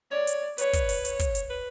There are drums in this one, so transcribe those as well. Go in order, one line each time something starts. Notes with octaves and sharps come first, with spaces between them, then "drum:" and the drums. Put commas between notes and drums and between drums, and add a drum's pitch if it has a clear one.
C#5 D5
drum: hi-hat
B4 C#5, drum: hi-hat
drum: kick, hi-hat
drum: open hi-hat
C#5, drum: hi-hat
drum: kick, hi-hat
drum: hi-hat
B4